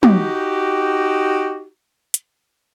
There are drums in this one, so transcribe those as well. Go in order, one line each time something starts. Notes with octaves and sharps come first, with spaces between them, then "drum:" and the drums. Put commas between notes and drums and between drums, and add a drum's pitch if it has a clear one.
D#4 F#4 G4, drum: tom
drum: hi-hat